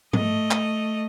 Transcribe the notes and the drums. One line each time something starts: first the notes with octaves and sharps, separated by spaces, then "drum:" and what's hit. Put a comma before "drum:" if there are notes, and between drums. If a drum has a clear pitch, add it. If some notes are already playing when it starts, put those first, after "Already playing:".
A3 D#5, drum: tom
drum: clap